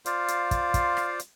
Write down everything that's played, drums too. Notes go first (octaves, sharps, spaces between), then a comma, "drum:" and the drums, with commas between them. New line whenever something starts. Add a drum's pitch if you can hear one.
F4 C5 D5 F5, drum: hi-hat
drum: hi-hat
drum: kick, hi-hat
drum: kick, hi-hat
drum: rim click
drum: hi-hat